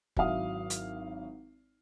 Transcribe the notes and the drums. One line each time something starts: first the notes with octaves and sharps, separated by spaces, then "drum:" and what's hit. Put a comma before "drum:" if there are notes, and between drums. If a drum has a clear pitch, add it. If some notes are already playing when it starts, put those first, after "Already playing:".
G#1 F#3 E4 E5 F5 D#6, drum: kick
drum: hi-hat